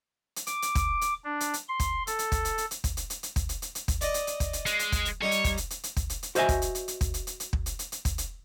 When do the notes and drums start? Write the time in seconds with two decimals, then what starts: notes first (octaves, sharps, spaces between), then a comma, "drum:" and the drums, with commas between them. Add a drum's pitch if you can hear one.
0.36 drum: hi-hat
0.47 D6, drum: hi-hat
0.62 drum: hi-hat
0.75 drum: kick, hi-hat
1.01 drum: hi-hat
1.24 D4
1.40 drum: hi-hat
1.54 drum: hi-hat
1.69 C6
1.80 drum: kick, hi-hat
2.07 A4, drum: hi-hat
2.19 drum: hi-hat
2.32 drum: kick, hi-hat
2.45 drum: hi-hat
2.58 drum: hi-hat
2.71 drum: hi-hat
2.84 drum: kick, hi-hat
2.97 drum: hi-hat
3.10 drum: hi-hat
3.23 drum: hi-hat
3.36 drum: kick, hi-hat
3.49 drum: hi-hat
3.62 drum: hi-hat
3.75 drum: hi-hat
3.88 drum: kick, hi-hat
4.01 D5 D#5, drum: hi-hat
4.14 drum: hi-hat
4.27 drum: hi-hat
4.40 drum: kick, hi-hat
4.53 drum: hi-hat
4.66 G#3, drum: hi-hat
4.79 drum: hi-hat
4.92 drum: kick, hi-hat
5.05 drum: hi-hat
5.22 G3 D#4 C#5
5.31 drum: hi-hat
5.44 drum: kick, hi-hat
5.57 drum: hi-hat
5.70 drum: hi-hat
5.83 drum: hi-hat
5.97 drum: kick, hi-hat
6.10 drum: hi-hat
6.23 drum: hi-hat
6.35 F#4 C5 D#5 E5 G#5, drum: hi-hat
6.49 drum: kick, hi-hat
6.62 drum: hi-hat
6.75 drum: hi-hat
6.88 drum: hi-hat
7.01 drum: kick, hi-hat
7.14 drum: hi-hat
7.27 drum: hi-hat
7.40 drum: hi-hat
7.53 drum: kick
7.66 drum: hi-hat
7.79 drum: hi-hat
7.92 drum: hi-hat
8.05 drum: kick, hi-hat
8.18 drum: hi-hat